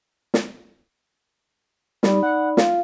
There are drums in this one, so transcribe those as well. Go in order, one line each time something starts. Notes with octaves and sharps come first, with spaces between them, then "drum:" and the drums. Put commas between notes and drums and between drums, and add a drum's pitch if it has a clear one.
drum: snare
G3 D#4 D5 B5, drum: snare
F#5
F4 F5, drum: snare